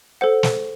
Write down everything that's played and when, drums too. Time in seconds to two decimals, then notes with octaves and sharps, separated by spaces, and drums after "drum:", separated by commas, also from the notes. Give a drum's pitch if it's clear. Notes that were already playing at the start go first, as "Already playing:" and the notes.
0.21 A4 C5 F#5
0.43 drum: snare